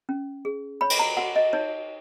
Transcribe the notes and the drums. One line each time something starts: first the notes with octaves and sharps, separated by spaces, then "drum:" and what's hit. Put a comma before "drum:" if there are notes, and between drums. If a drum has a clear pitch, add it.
C#4
G#4
C#5 B5
drum: cymbal
A#5
F#4 F#5
D#5
D#4 C#5